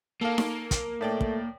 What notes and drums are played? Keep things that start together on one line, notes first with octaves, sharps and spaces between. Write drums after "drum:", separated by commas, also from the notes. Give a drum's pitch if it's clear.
A#3 A4 F5
drum: snare D#4
drum: kick, hi-hat
A2 A3 D5 G5
drum: kick